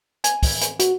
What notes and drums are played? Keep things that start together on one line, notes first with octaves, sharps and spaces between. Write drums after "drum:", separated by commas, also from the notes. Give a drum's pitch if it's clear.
G#5, drum: hi-hat
drum: kick, open hi-hat
drum: hi-hat
F#4, drum: hi-hat